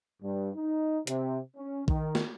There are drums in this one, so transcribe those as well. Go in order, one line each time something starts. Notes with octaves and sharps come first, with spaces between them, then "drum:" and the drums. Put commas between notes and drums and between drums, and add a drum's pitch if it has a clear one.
G2
D#4
C3, drum: hi-hat
C#4
D#3, drum: kick
drum: snare